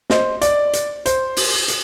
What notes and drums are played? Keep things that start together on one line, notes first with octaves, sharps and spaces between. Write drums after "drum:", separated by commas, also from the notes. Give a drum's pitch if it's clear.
C5 D#5, drum: snare
D5, drum: hi-hat
drum: hi-hat
C5, drum: hi-hat
drum: open hi-hat
drum: hi-hat